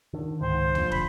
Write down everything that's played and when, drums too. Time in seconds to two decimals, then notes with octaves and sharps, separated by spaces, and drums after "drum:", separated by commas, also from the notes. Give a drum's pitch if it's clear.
0.13 D3 D#3
0.41 C#2 G#2 D#3 C5
0.75 A#2 D3 F3, drum: tom D#2
0.92 B5, drum: kick